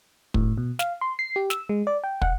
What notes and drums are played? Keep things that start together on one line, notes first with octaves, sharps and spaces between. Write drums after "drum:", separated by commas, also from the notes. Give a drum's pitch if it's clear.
A2, drum: kick
B2
F5, drum: snare
C6
C7
G4
E6, drum: snare
G#3
D5
G5
F#5, drum: kick